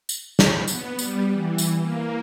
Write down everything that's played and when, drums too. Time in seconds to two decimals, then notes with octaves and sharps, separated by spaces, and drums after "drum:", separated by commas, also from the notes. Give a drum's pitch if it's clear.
0.09 drum: tambourine
0.39 drum: snare
0.68 B3, drum: tambourine
0.99 G3, drum: tambourine
1.33 E3
1.58 drum: tambourine
1.82 A#3